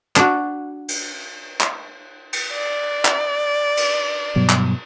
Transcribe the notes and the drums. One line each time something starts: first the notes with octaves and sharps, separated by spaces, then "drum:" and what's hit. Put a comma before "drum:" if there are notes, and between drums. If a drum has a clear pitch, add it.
D4 F#4, drum: clap
drum: cymbal
drum: clap
drum: cymbal
D5
drum: clap
drum: cymbal
G2 B2 F#3
drum: clap